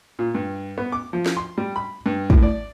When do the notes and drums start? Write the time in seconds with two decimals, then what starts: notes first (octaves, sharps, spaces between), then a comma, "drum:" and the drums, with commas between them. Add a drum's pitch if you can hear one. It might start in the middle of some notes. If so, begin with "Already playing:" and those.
0.19 A#2
0.35 G2
0.78 B3
0.92 D6
1.13 F3
1.26 drum: snare
1.37 C6
1.58 G3
1.76 B5
2.06 G2
2.30 A2, drum: kick
2.43 D5